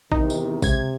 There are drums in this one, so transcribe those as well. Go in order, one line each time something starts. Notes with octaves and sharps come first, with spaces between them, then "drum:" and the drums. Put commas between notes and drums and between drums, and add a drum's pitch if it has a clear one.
E2 C3 D#3 D#4, drum: kick A#1
drum: tambourine
C#2 C3 G#6, drum: kick A#1, tambourine